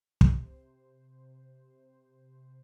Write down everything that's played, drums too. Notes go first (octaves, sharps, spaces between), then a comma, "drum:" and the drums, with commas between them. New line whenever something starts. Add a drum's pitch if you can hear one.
C3 C5, drum: kick